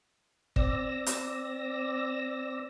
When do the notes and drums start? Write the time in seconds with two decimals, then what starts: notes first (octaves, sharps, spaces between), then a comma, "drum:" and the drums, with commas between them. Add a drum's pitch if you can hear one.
0.56 C4 D5 E6 A#6, drum: kick
1.06 drum: hi-hat